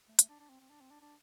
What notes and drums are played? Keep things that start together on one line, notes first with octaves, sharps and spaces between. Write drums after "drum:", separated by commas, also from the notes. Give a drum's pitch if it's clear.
A3
A3, drum: hi-hat
D4
D4
C4
C4
D4
C4
D4
D4